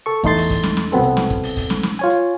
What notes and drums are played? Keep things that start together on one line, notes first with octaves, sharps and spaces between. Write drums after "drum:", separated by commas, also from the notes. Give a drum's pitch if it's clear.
A4 C#6
E2 A3 D#4 C6 A6, drum: kick, hi-hat
drum: open hi-hat
drum: kick, open hi-hat
drum: snare
drum: snare
C2 B2 B3 C4 A4, drum: hi-hat
drum: hi-hat
drum: snare
drum: kick, hi-hat
drum: open hi-hat
drum: kick, open hi-hat
drum: snare
drum: snare
F4 C#5 G#5, drum: hi-hat
drum: hi-hat